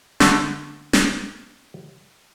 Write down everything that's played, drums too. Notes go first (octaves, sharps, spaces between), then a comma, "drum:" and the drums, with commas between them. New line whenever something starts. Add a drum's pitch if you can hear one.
D3 A3, drum: snare
drum: snare